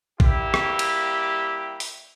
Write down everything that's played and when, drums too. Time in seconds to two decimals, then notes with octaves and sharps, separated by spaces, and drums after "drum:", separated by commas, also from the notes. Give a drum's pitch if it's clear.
0.20 G3 A#3 E4 G4, drum: kick
0.54 drum: rim click
0.79 drum: cymbal
1.80 drum: open hi-hat